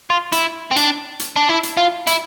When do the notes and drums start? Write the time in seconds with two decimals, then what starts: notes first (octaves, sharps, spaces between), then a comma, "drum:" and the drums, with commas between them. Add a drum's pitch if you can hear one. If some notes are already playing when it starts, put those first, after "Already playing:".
0.10 F4
0.32 E4, drum: hi-hat
0.71 C4
0.76 D4, drum: hi-hat
1.19 drum: hi-hat
1.36 D4
1.49 E4
1.63 drum: hi-hat
1.77 F4
2.07 E4, drum: hi-hat